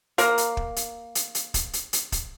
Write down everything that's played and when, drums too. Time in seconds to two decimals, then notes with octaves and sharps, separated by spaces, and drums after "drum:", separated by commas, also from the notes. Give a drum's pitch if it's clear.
0.18 A#3 A#4 A#5, drum: hi-hat
0.38 drum: hi-hat
0.57 drum: kick
0.76 drum: hi-hat
1.15 drum: hi-hat
1.35 drum: hi-hat
1.54 drum: kick, hi-hat
1.73 drum: hi-hat
1.93 drum: hi-hat
2.12 drum: kick, hi-hat